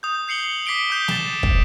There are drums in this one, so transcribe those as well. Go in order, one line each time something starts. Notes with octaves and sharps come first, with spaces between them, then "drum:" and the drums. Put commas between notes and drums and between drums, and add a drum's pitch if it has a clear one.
D#6 G6
G6 C7 C#7 F#7 G7
D6 B6 C7 D7 G7
D#6 G6 G7
A6 E7, drum: snare
drum: kick